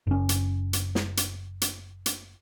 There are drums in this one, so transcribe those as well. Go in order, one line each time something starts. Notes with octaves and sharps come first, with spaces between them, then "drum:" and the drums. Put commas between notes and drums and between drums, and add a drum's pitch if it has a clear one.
F#1 C#4
drum: hi-hat
drum: hi-hat
drum: snare
drum: hi-hat
drum: hi-hat
drum: hi-hat